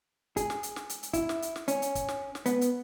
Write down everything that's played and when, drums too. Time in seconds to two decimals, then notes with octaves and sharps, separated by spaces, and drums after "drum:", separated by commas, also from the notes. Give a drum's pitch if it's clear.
0.37 G#4, drum: kick, hi-hat
0.50 drum: snare
0.63 drum: hi-hat
0.76 drum: snare
0.89 drum: hi-hat
1.03 drum: hi-hat
1.13 E4, drum: kick, hi-hat
1.29 drum: snare
1.42 drum: hi-hat
1.56 drum: snare
1.68 C#4, drum: hi-hat
1.82 drum: hi-hat
1.95 drum: kick, hi-hat
2.08 drum: snare
2.35 drum: snare
2.46 B3, drum: hi-hat
2.61 drum: hi-hat